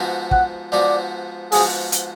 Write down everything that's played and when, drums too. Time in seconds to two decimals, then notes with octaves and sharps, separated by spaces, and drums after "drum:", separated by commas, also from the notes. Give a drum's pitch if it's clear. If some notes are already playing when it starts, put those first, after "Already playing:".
Already playing: G#2 F3 B3 F#4
0.31 F#5, drum: kick
0.72 G#2 F3 B3 F#4 D5
1.52 G#2 F3 B3 F#4 G#4, drum: open hi-hat
1.92 drum: hi-hat